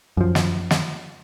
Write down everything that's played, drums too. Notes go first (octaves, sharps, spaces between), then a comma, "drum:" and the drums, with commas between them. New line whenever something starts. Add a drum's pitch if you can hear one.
F#2 F3
drum: snare
drum: snare